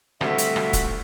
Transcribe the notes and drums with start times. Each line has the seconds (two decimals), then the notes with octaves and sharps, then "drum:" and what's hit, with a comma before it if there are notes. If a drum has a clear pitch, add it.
0.21 D2 G3 A3 C4 F4 F#4 E5, drum: rim click
0.38 drum: hi-hat
0.56 drum: rim click
0.73 drum: kick, hi-hat